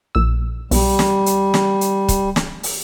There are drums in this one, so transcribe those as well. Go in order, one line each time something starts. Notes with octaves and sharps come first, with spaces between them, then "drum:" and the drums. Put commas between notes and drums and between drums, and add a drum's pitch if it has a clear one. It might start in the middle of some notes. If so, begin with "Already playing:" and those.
A#1 E6
B1 G3, drum: open hi-hat
drum: snare
drum: hi-hat
drum: snare
drum: hi-hat
drum: kick, hi-hat
drum: snare
drum: open hi-hat